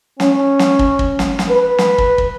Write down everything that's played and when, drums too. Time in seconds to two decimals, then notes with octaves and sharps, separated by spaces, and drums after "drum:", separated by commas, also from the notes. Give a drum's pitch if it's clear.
0.20 C#4, drum: snare
0.59 drum: snare
0.79 drum: kick
0.99 drum: kick
1.19 drum: snare
1.39 drum: snare
1.50 B4
1.78 drum: snare
1.98 drum: kick
2.18 drum: kick